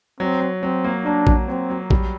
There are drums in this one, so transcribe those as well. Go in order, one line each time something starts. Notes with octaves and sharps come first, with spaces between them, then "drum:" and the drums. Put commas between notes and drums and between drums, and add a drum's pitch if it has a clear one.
F#3 C4
F#3
F#3 C4
A#3
A#3 D4
F#3, drum: kick A#1
F#3 C4
F#3
G3, drum: kick A#1